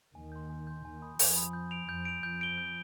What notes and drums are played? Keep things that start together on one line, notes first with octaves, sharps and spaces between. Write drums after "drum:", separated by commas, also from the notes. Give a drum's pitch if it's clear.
D#2 D#3 G#5
C6 G6
G#5
C6 G6
D#2 D#3 G#5
B5 D#6
F2 F3 G#5, drum: open hi-hat
B5 D#6
G6
D7 F7
F2 F3 G6
D7 F7
F2 F3 G6
D7 G7
G6